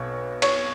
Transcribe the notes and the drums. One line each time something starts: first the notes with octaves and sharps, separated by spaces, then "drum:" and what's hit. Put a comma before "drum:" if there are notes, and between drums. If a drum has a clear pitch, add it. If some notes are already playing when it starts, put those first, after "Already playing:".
Already playing: B1 B2 C#5
C#5, drum: cymbal